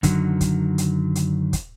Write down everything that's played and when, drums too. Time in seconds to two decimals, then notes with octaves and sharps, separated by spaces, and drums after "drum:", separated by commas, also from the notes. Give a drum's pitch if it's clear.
0.03 F#2 D3 D#3 F#3, drum: kick, hi-hat
0.41 drum: kick, hi-hat
0.78 drum: hi-hat
1.15 drum: hi-hat
1.53 drum: kick, hi-hat